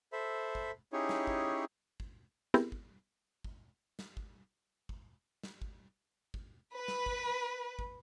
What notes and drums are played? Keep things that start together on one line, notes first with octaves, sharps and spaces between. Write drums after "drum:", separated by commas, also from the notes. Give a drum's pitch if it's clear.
A4 C5 E5 B5
drum: kick
C#4 D#4 E4 G4 G#4 C#5
drum: snare
drum: kick
drum: kick
B3 C4 E4 G4 G#4 A#4, drum: snare
drum: kick
drum: kick
drum: snare
drum: kick
drum: kick
drum: snare
drum: kick
drum: kick
B4
drum: snare
drum: kick
drum: kick